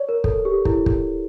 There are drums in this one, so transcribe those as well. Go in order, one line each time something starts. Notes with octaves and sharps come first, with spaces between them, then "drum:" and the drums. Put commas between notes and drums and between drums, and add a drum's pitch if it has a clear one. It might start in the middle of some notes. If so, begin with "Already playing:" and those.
Already playing: C#5 D5
A#4
A4, drum: kick
G4
E4, drum: kick
drum: kick